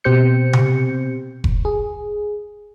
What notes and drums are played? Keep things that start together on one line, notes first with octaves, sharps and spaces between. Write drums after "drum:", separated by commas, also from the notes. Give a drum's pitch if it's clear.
B2 C4 G4 C5 G6 C#7
drum: tom C3
drum: kick F1
G#4